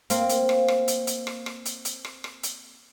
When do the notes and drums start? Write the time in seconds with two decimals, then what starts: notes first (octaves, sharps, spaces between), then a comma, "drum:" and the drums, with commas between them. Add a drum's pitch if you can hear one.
0.10 A#3 C4, drum: hi-hat
0.29 drum: hi-hat
0.49 drum: rim click
0.68 drum: rim click
0.88 drum: hi-hat
1.07 drum: hi-hat
1.27 drum: rim click
1.46 drum: rim click
1.66 drum: hi-hat
1.85 drum: hi-hat
2.05 drum: rim click
2.24 drum: rim click
2.43 drum: hi-hat